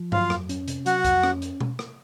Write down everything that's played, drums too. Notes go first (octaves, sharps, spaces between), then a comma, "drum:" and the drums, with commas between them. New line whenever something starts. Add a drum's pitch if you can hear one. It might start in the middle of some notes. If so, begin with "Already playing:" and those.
Already playing: F3
F#3 F4 F5, drum: tom G2
F2, drum: rim click
C#4, drum: hi-hat
C3, drum: hi-hat
F#3 F#4 F#5, drum: hi-hat
F2, drum: kick C2, hi-hat
C#4, drum: rim click
drum: hi-hat
drum: tom B2
drum: rim click